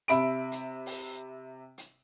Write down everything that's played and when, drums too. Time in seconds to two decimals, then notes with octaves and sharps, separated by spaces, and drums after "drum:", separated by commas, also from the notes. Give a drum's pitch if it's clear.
0.08 C3 E5 B5 D7, drum: hi-hat
0.52 drum: hi-hat
0.86 drum: open hi-hat
1.78 drum: hi-hat